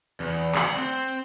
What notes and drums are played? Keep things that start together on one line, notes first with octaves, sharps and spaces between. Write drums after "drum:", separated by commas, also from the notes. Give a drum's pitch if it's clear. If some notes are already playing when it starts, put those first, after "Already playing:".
E2
D2 F#5, drum: clap
C4